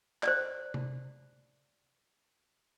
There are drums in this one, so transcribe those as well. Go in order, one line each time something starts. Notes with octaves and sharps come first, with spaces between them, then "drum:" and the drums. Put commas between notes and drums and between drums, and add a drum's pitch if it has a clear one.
C5 D5, drum: clap
drum: tom C3